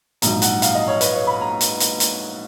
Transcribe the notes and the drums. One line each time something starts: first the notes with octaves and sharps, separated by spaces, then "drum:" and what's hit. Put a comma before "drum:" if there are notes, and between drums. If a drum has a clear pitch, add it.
A#1 G#2 F#3 A#5, drum: hi-hat
F#5, drum: hi-hat
F5, drum: hi-hat
D#5
C#5
B4, drum: hi-hat
C#5
B5
A#5
drum: hi-hat
drum: hi-hat
drum: hi-hat